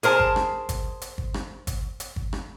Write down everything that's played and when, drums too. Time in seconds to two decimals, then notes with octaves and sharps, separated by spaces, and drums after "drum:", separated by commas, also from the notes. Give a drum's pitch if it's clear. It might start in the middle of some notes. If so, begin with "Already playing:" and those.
0.03 G#4 A#4 C5 A5, drum: hi-hat
0.20 drum: kick
0.36 drum: rim click
0.69 drum: kick, hi-hat
1.02 drum: hi-hat
1.18 drum: kick
1.34 drum: rim click
1.67 drum: kick, hi-hat
2.00 drum: hi-hat
2.16 drum: kick
2.33 drum: rim click